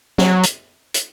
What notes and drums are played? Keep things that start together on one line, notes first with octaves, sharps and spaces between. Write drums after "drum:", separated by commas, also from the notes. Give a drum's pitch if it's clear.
F#3, drum: snare
drum: hi-hat
drum: hi-hat